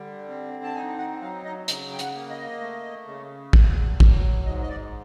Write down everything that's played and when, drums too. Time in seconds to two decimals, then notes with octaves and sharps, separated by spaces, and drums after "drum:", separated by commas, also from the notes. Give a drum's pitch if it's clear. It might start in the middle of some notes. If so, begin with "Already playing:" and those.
Already playing: D3 G3
0.29 C4
0.64 A5
0.75 D#4 G#5
0.98 F#5
1.21 F#3 F5
1.45 D#5
1.68 C#3, drum: hi-hat
1.92 G5
1.99 F#5, drum: hi-hat
2.15 A#3
2.30 D#5
2.61 A3
3.07 C#3
3.53 E2, drum: kick A1
4.00 F#3, drum: kick A1
4.46 G#2 D#5
4.62 D#5
4.69 D5